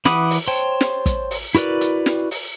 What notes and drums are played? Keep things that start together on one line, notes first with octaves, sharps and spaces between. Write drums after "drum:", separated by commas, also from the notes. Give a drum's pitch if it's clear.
E3 F#5 B5 D6 D#6, drum: snare
drum: open hi-hat
C5 C#5 G5 A5
drum: snare
drum: kick, hi-hat
drum: open hi-hat
E4 F#4 A#4 B4 D5, drum: hi-hat
drum: hi-hat
drum: snare
drum: open hi-hat